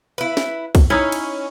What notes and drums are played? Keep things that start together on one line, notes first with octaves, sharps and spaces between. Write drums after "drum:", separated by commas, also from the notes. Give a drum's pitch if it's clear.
E4 B4
drum: snare
drum: kick, cymbal
C#4 D#4 E4
drum: cymbal